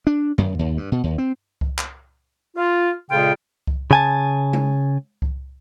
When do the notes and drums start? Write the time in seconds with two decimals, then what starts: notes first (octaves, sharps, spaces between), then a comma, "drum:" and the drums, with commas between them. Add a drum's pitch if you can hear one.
0.07 D4
0.38 F#2, drum: tom G2
0.59 D#2
0.77 G2
0.92 B2
1.04 D#2
1.18 C4
1.61 drum: kick C2
1.78 drum: clap
2.56 F4
3.10 F2 A#2 C#3 G#3 F4 G5
3.67 drum: kick C2
3.91 C#3 G#5 A5
4.53 drum: tom G#3
5.22 drum: kick C2